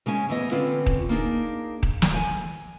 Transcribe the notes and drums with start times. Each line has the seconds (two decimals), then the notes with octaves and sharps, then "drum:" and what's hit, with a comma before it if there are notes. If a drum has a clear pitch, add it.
0.06 C#3 G#3 C#4 G#5
0.29 D2 E3 B3 D#5
0.51 D3 C4 C#4 F4 B4
0.86 drum: kick D#1
1.09 A#3 D4 D#4 G#4
1.83 drum: kick D#1
2.02 drum: snare
2.14 G#5